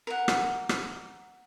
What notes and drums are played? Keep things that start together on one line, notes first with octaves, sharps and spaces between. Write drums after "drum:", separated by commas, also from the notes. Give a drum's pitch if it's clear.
A#4 F#5
drum: rim click
drum: rim click